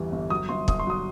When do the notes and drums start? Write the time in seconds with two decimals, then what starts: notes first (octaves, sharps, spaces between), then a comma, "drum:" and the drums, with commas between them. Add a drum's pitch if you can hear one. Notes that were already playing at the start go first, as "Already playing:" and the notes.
Already playing: G1 E2 E3 G3
0.12 G1
0.30 F#3 D#6
0.49 G1 C6
0.68 G1 D#6, drum: kick
0.79 C6
0.87 F#3 D#6